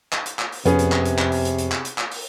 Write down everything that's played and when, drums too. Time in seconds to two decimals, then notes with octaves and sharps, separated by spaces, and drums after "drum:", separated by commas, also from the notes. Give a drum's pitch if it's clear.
0.12 drum: clap
0.26 drum: hi-hat
0.39 drum: clap
0.52 drum: open hi-hat
0.65 F2 C3 B3 C#4 G#4, drum: hi-hat
0.79 drum: hi-hat
0.92 drum: clap
1.05 drum: hi-hat
1.19 drum: clap
1.32 drum: open hi-hat
1.45 drum: hi-hat
1.58 drum: hi-hat
1.72 drum: clap
1.85 drum: hi-hat
1.98 drum: clap
2.11 drum: open hi-hat